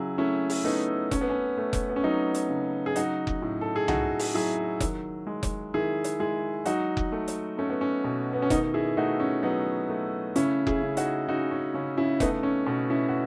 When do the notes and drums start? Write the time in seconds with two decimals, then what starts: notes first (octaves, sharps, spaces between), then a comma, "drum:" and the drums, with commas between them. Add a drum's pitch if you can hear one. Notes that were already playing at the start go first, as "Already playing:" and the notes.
Already playing: C#3 F#3 E4 G#4
0.18 A3 C#4 E4
0.50 drum: open hi-hat
0.64 A3 B3 D#4
1.11 A3 C#4, drum: kick F1, hi-hat
1.21 B3
1.30 C#4
1.58 A3
1.73 drum: kick F1, hi-hat
1.89 B3
1.96 C#4
2.04 F#3 B3 D#4
2.34 drum: hi-hat
2.49 C#3
2.86 G#4
2.96 F#3 D#4 F#4, drum: hi-hat
3.27 drum: kick F1
3.42 A2
3.61 A4
3.76 G#4
3.88 A2 D#4 F#4, drum: tom C2
4.19 drum: open hi-hat
4.34 F#3 E4 G#4
4.80 D#3, drum: kick F1, hi-hat
5.27 G#3
5.43 drum: kick F1, hi-hat
5.74 D#3 E4 G#4
6.04 drum: hi-hat
6.20 G#3 E4 G#4
6.66 F#3 D#4 F#4, drum: hi-hat
6.97 drum: kick F1
7.12 A3
7.28 drum: hi-hat
7.58 A3 C#4
7.70 B3
7.81 C#4
8.04 B2
8.33 B3
8.42 C#4
8.50 D#3 B3 D#4, drum: kick F1, hi-hat
8.74 E4 G#4
8.97 A3 D#4 F#4
9.20 C#4
9.43 F#3 B3 D#4
9.89 A3
10.36 C#3 C#4 E4, drum: hi-hat
10.67 E4 G#4, drum: kick F1
10.83 C#3
10.97 D#4 F#4, drum: hi-hat
11.28 C#3 D#4 F#4
11.51 C#4
11.74 C#3 C#4
11.98 C#4 E4
12.20 A3 B3 D#4, drum: kick F1, hi-hat
12.43 C#4
12.66 B2 C#4
12.90 C#4 E4
13.09 F#4